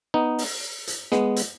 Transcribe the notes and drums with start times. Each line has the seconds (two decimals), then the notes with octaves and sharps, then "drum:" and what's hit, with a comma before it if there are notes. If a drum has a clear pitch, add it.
0.14 B3 D#4
0.38 drum: open hi-hat
0.87 drum: hi-hat
1.12 G#3 B3, drum: snare
1.36 drum: hi-hat